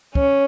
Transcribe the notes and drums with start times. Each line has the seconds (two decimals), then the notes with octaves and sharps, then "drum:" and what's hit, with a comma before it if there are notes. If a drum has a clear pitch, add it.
0.15 C#4, drum: kick